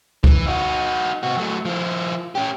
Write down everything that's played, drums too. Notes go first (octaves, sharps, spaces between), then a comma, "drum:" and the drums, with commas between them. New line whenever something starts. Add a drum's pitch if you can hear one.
E3, drum: kick C#2
D#4 F#4
C3 F#4
F#3 A3
F3 E4
C#4 G4